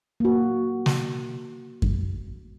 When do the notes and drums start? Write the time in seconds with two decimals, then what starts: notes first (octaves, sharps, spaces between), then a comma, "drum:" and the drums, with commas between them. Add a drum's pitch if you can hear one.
0.20 A#3 F#4
0.86 drum: snare
1.82 drum: kick F#2